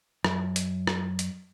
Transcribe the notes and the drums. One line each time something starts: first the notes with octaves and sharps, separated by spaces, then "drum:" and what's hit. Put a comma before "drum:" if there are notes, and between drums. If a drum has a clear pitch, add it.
F#2, drum: rim click
drum: hi-hat
drum: rim click
drum: hi-hat